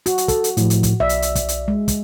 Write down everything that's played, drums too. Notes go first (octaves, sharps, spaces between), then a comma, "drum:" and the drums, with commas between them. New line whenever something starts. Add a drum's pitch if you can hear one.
F#4, drum: hi-hat
drum: hi-hat
A4, drum: kick, hi-hat
drum: hi-hat
A2 F3, drum: hi-hat
drum: hi-hat
drum: kick, hi-hat
B1 D5 E5
drum: hi-hat
drum: hi-hat
drum: kick, hi-hat
drum: hi-hat
G#3
drum: kick, hi-hat